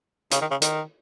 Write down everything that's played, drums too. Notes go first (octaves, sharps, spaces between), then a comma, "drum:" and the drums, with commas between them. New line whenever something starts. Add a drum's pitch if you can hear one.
C#3, drum: hi-hat
D#3
C#3
D#3, drum: hi-hat